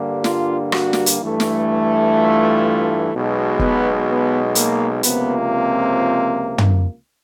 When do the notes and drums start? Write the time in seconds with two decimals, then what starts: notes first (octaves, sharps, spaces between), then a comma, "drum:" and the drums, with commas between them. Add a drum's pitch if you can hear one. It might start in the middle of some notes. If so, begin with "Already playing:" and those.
Already playing: G2 D3 G3 A#3
0.24 F4, drum: snare
0.72 F#4, drum: rim click
0.93 drum: snare
1.06 drum: hi-hat
1.20 G2 E3 A3
1.40 drum: snare
2.16 F4
3.12 B1 B2 G#3
3.59 B3, drum: kick
4.08 B3
4.55 A#3, drum: hi-hat
5.03 C#2 C3 F3 A#3 B3, drum: hi-hat
5.51 C4
6.58 drum: tom